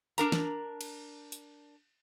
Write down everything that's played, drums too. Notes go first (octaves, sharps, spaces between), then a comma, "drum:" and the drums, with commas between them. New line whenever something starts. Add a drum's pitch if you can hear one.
D4 A#4 A#5, drum: hi-hat
drum: snare
drum: cymbal
drum: hi-hat